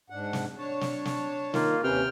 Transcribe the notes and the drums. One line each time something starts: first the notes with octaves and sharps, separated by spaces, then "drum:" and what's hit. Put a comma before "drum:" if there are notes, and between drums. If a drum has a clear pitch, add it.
G#2 D4 F#5
drum: snare
D4 C#5 A5
drum: snare
drum: snare
D#3 A#3 F4, drum: snare
D#2 C3 C#4 B4 G5 F6